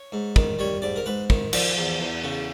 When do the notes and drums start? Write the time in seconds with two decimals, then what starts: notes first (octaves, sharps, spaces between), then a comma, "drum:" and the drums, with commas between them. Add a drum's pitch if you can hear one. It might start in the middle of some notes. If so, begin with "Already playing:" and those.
Already playing: C#5
0.12 G#2
0.36 D#3, drum: kick
0.59 G3 C#5
0.82 G#2 D5
0.96 A#4
1.06 G#2 B4
1.30 D#3, drum: kick
1.53 F3 D5, drum: cymbal
1.77 E2
2.00 E2
2.24 C#3